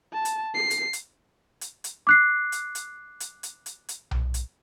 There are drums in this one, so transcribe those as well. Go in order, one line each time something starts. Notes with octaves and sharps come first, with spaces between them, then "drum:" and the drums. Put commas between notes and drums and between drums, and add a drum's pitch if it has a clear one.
A5
drum: hi-hat
C7
drum: hi-hat
drum: hi-hat
drum: hi-hat
drum: hi-hat
D6 F#6 C7
drum: hi-hat
drum: hi-hat
drum: hi-hat
drum: hi-hat
drum: hi-hat
drum: hi-hat
drum: tom B1
drum: hi-hat